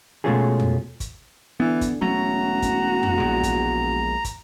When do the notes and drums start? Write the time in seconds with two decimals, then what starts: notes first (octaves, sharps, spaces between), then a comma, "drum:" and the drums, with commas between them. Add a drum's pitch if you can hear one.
0.24 B2 G#3 A3 C#4 F4 G#4
0.60 drum: tom F2
1.00 drum: kick, hi-hat
1.60 D3 E3 B3
1.81 drum: kick, hi-hat
2.02 E1 F#3 A3 C#4 F#4 A#5
2.62 drum: kick, hi-hat
3.03 drum: tom F2
3.18 A#1 A#2 G#3
3.43 drum: kick, hi-hat
4.24 drum: kick, hi-hat